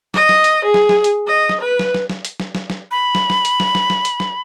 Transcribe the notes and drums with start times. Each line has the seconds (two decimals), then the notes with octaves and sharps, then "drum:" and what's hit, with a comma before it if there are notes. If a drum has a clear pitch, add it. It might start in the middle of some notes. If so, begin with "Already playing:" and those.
0.14 D#5, drum: snare
0.29 drum: snare
0.44 drum: hi-hat
0.64 G#4
0.74 drum: snare
0.89 drum: snare
1.04 drum: hi-hat
1.27 D#5
1.49 drum: snare
1.60 B4
1.79 drum: snare
1.95 drum: snare
2.10 drum: snare
2.25 drum: hi-hat
2.40 drum: snare
2.55 drum: snare
2.70 drum: snare
2.91 B5
3.15 drum: snare
3.30 drum: snare
3.45 drum: hi-hat
3.60 drum: snare
3.75 drum: snare
3.90 drum: snare
4.05 drum: hi-hat
4.20 drum: snare